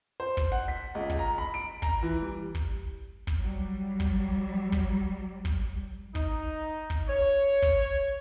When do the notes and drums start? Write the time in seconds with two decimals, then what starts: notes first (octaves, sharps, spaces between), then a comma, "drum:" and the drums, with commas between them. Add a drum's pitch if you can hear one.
0.20 C5
0.37 drum: kick
0.52 F#5
0.68 B6
0.95 C#2
1.10 drum: kick
1.19 A#5
1.38 B5
1.54 D7
1.82 A#5, drum: kick
2.03 E3
2.22 G3
2.55 drum: kick
3.27 drum: kick
3.39 F#3 G3
4.00 drum: kick
4.72 drum: kick
5.45 drum: kick
6.15 D#4, drum: kick
6.90 drum: kick
7.09 C#5
7.62 drum: kick